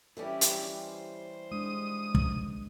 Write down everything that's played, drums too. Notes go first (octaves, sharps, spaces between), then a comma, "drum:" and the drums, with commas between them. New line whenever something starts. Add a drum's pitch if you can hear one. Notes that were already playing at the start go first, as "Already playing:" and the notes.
E3 G3 C#4 E4 G4
drum: hi-hat
C5
G#3 D4 D#6
drum: kick